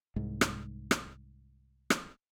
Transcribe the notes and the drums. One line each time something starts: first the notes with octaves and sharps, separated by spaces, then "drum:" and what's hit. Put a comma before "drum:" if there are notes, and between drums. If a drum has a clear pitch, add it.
C2 G#2
drum: rim click
drum: rim click
drum: rim click